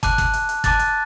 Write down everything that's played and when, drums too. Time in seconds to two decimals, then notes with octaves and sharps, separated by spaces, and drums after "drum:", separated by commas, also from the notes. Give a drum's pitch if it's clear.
0.03 A5 D6 F#6, drum: kick, hi-hat
0.18 drum: kick, hi-hat
0.33 drum: hi-hat
0.49 drum: hi-hat
0.64 A5 D6 F#6 A6, drum: kick, hi-hat
0.79 drum: hi-hat